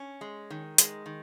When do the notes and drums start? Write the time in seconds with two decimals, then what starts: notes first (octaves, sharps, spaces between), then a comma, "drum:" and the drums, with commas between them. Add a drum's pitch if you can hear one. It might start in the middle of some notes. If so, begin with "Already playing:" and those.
Already playing: C#4
0.21 G#3
0.50 D#3
0.78 G#3, drum: hi-hat
1.06 D#3